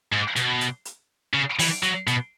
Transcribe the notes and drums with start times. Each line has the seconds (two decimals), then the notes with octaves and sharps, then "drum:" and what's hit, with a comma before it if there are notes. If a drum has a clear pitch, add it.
0.12 G#2
0.36 B2, drum: hi-hat
0.61 drum: hi-hat
0.85 drum: hi-hat
1.34 C#3
1.59 E3, drum: open hi-hat
1.83 F#3, drum: hi-hat
2.07 B2, drum: hi-hat